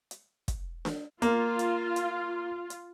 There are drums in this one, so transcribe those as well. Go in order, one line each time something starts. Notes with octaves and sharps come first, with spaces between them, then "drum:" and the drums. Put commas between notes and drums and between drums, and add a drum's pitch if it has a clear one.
drum: hi-hat
drum: kick, hi-hat
drum: snare D4
A#3 F4, drum: hi-hat
drum: hi-hat
drum: hi-hat
drum: hi-hat